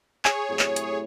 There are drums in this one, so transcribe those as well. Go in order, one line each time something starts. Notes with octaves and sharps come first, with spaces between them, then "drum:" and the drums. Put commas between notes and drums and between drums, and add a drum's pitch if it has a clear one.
G#4 C#5 G#5, drum: clap
A2 C3 F#3
drum: clap
drum: hi-hat